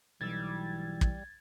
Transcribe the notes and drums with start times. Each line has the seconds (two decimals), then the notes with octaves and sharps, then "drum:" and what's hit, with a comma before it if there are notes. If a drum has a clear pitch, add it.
0.21 B1 E3 G3 E6 G#6 A6
1.01 drum: kick